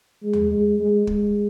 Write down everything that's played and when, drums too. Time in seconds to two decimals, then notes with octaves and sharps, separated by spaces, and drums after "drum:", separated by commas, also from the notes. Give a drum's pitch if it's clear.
0.23 G#3
0.33 drum: tom D#2
0.51 G#3
0.80 G#3
1.07 G#3, drum: kick